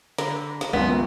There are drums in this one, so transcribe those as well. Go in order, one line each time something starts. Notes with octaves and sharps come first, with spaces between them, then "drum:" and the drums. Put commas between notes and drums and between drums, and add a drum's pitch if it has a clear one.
D3 A#5 B5, drum: snare
drum: snare
G#1 C#2 F#2 C#3 G3 B3 F4